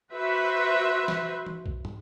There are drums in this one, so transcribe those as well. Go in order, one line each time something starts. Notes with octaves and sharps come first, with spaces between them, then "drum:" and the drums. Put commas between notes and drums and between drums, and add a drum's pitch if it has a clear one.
F#4 B4 C5 E5
drum: snare
drum: tom
drum: kick
drum: tom